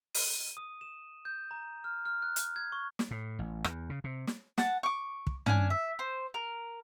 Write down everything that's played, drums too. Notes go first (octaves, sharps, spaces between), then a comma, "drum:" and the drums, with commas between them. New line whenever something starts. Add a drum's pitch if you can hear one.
D#7, drum: open hi-hat
D#6
E7
G6
A#5
F6
F6
F#6
drum: hi-hat
G#6
C#6
drum: snare
A2
A1
E2, drum: rim click
C#3
C3
drum: snare
F#5 A5, drum: snare
C#6 D6
drum: kick
C#4 D4 G#5, drum: tom
E5
C5
A#4